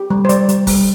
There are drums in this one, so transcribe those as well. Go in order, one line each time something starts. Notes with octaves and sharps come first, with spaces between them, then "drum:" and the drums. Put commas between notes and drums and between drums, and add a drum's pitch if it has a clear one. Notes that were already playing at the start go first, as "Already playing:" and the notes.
Already playing: G4
G3
C5
G3 D5, drum: hi-hat
G3, drum: hi-hat
G3, drum: kick F1, open hi-hat